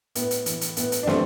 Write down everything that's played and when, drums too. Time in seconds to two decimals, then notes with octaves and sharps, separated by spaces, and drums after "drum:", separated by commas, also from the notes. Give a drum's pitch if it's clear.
0.15 A2 B3, drum: hi-hat
0.31 drum: hi-hat
0.46 E3, drum: hi-hat
0.61 drum: hi-hat
0.77 A2 B3, drum: hi-hat
0.92 drum: hi-hat
1.03 D4
1.07 E3 A3 C4, drum: snare